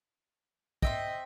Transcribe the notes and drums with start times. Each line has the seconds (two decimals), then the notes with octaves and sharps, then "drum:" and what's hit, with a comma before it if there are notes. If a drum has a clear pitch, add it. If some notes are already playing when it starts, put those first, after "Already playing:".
0.82 C4 D#5 E5 G5, drum: kick